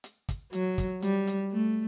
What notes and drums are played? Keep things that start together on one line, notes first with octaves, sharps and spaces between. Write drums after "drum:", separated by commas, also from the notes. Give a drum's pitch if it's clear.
drum: hi-hat
drum: kick, hi-hat
F#3, drum: hi-hat
drum: kick, hi-hat
G3, drum: hi-hat
drum: hi-hat
A3